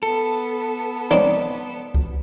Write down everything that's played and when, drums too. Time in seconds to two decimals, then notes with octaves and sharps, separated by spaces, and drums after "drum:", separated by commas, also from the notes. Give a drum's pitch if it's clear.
0.03 B3 A4
1.11 C4 C#4 D#4 D5
1.94 drum: kick C#2